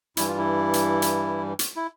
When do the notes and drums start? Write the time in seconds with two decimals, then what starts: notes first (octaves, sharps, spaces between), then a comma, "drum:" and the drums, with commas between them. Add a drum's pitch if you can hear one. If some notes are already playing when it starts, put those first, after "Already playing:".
0.17 G2 E3 G3 E4, drum: hi-hat
0.27 F4
0.38 E4
0.73 drum: hi-hat
1.02 drum: hi-hat
1.59 drum: hi-hat
1.76 E4